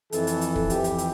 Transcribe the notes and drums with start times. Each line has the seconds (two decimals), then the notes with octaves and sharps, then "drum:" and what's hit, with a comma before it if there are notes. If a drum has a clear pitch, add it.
0.12 F2 E3 A4, drum: hi-hat
0.27 drum: hi-hat
0.41 drum: hi-hat
0.56 drum: kick
0.70 F2 E3 G4, drum: hi-hat
0.84 drum: hi-hat
0.98 drum: hi-hat